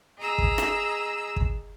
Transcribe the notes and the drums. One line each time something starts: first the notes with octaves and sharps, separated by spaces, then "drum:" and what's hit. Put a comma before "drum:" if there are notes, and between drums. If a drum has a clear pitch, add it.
G#4 D#5 A#5 E6
drum: kick
drum: rim click
drum: kick